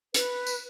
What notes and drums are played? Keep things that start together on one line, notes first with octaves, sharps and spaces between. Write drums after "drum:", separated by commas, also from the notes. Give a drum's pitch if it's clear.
B4, drum: hi-hat
drum: tambourine